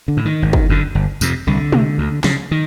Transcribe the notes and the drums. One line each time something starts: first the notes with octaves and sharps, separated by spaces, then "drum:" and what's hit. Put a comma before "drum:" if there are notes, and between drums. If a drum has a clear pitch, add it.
D3
A2
D#3
G#1
drum: kick
F#2 D3
G1
F2 C3, drum: tambourine
C2 D3
C3, drum: tom G#3
D2
C#3, drum: snare
D#3